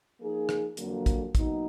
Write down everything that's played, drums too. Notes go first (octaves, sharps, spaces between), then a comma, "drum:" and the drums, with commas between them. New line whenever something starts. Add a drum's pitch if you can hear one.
F3 A#3 D#4 G#4
drum: rim click
F2 D3 F#3 A#3, drum: hi-hat
drum: kick, hi-hat
B2 F#3 A#3 D#4, drum: kick, hi-hat